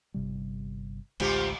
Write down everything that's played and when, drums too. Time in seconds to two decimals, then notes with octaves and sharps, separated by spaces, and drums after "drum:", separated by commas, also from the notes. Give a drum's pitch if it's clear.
0.14 G1 C3 G3
1.20 A1 D2 G#3 C4 F4 G4, drum: cymbal